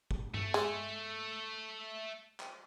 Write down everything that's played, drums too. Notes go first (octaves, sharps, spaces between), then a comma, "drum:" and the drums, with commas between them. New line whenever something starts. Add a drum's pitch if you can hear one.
drum: kick
A3, drum: tom G2
G#3, drum: hi-hat
drum: clap